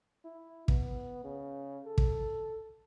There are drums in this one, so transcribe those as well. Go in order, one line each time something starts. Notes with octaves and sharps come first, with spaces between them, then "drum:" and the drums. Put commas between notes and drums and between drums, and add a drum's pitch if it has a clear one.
E4
B3, drum: kick
C#3
A4
drum: kick